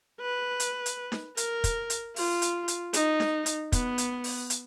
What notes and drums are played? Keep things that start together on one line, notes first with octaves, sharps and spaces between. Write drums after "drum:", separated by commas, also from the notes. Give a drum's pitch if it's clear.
B4
drum: hi-hat
drum: hi-hat
drum: snare D#4
A#4, drum: hi-hat
drum: kick, hi-hat
drum: hi-hat
F4, drum: open hi-hat
drum: hi-hat
drum: hi-hat
D#4, drum: hi-hat
drum: snare D#4
drum: hi-hat
B3, drum: kick, hi-hat
drum: hi-hat
drum: open hi-hat
drum: hi-hat